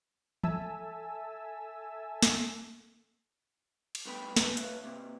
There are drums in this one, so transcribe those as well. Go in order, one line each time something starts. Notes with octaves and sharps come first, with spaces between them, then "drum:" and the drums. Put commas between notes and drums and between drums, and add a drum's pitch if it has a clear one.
A4 E5 G#5 A5 E6, drum: tom
drum: snare
drum: cymbal
G2 A3 B3 B4 G5 B5
A4 B4 G#5 A5, drum: snare
B4 C#5 E5 F5, drum: hi-hat
C3 A#3